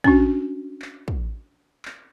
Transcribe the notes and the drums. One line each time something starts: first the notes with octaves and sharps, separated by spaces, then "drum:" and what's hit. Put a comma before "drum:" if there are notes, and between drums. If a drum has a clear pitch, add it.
C#4 D4 F#4, drum: kick
drum: clap
drum: kick
drum: clap